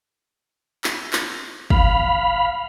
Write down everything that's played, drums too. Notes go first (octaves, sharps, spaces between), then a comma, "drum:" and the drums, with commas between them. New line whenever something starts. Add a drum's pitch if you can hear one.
drum: clap
drum: clap
F5 B5, drum: kick